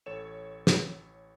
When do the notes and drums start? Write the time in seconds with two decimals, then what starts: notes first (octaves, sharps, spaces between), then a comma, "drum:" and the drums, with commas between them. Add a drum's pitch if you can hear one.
0.06 A1 A4 C#5 E7
0.67 drum: snare